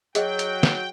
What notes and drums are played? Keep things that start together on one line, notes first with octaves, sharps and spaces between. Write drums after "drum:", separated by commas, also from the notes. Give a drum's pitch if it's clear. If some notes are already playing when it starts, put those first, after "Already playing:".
F#3 G#4 D#5 G5, drum: hi-hat
drum: hi-hat
drum: snare